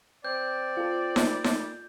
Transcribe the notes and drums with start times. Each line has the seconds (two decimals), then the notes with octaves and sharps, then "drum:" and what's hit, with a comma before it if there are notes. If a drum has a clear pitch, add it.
0.25 C4 D5 G6
0.77 F4 A4
1.16 drum: snare D#4
1.44 drum: snare D#4